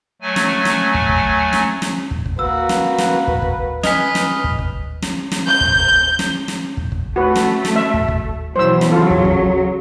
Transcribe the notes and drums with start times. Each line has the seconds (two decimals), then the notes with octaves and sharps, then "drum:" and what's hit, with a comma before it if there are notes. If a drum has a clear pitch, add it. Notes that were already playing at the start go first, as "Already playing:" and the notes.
0.22 F#3 A3 G#5
0.36 drum: snare
0.65 drum: snare
0.94 drum: kick
1.09 drum: kick
1.53 drum: snare
1.82 drum: snare
2.11 drum: kick
2.26 drum: kick
2.39 A#3 F#4 B4 E6
2.69 drum: snare
2.98 drum: snare
3.28 drum: kick
3.42 drum: kick
3.83 B4 D#5 G#5 D#6 F6 B6, drum: snare
4.15 drum: snare
4.44 drum: kick
4.59 drum: kick
5.02 drum: snare
5.32 drum: snare
5.46 G6
5.61 drum: kick
5.75 drum: kick
6.19 drum: snare
6.48 drum: snare
6.77 drum: kick
6.92 drum: kick
7.16 A3 F#4 B4
7.36 drum: snare
7.65 drum: snare
7.76 E5
7.94 drum: kick
8.08 drum: kick
8.56 B2 E3 F#3 C5 E6
8.81 drum: snare
8.91 C#3 F#3 F4 A4
9.10 drum: kick
9.25 drum: kick